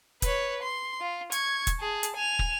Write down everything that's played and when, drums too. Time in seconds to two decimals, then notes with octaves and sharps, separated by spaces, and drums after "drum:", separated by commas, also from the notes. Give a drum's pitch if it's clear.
0.22 B4 C#5, drum: kick, hi-hat
0.62 C6
1.01 F4
1.32 C#6 G#6, drum: hi-hat
1.67 drum: kick, hi-hat
1.80 G#4 A5
2.03 drum: hi-hat
2.16 G#5 F7
2.39 drum: kick